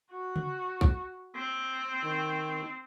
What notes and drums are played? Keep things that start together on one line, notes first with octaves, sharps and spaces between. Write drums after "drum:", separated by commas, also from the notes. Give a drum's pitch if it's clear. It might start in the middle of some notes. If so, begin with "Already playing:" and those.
F#4
drum: tom C#3
drum: kick B1
C4
D#3